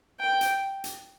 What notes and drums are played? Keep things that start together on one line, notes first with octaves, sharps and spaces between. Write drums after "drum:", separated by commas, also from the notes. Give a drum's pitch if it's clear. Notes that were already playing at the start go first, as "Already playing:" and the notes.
G5
drum: hi-hat
drum: hi-hat